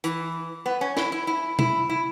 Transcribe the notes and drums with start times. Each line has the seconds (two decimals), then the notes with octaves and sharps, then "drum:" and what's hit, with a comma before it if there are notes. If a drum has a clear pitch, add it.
0.04 E3, drum: hi-hat
0.66 B3
0.81 C#4
0.97 E4, drum: snare
1.12 E4
1.27 E4
1.59 E4, drum: tom
1.89 E4